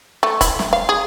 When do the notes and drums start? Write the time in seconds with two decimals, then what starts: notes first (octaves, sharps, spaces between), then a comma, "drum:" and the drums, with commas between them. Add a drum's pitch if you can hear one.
0.23 A3
0.41 E4, drum: kick E1, hi-hat
0.59 drum: snare
0.73 F5
0.89 G#4